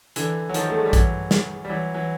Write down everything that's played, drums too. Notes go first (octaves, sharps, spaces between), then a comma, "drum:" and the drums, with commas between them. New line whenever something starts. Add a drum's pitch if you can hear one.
D3 E3, drum: hi-hat
F#3
D#3 F3, drum: hi-hat
A3
G#3
G3
E3 F#3, drum: kick A#1, hi-hat
drum: snare
G3
E3 F#3
E3 F#3